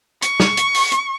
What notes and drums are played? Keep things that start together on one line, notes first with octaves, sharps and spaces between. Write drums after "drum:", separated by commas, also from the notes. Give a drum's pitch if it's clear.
C#6, drum: hi-hat
drum: snare
drum: hi-hat
drum: open hi-hat
drum: hi-hat